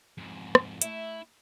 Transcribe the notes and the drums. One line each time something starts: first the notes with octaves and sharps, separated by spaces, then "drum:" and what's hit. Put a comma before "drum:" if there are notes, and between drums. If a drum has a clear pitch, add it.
F2 G#2
drum: rim click
A3 E4 E5, drum: hi-hat